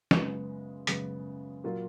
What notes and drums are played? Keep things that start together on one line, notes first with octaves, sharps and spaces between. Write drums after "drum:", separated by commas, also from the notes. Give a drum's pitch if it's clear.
F#2 C#3 G#3 B3, drum: snare
F#2 C#3 G#3 B3, drum: hi-hat
A#2 F#3 A#3 F4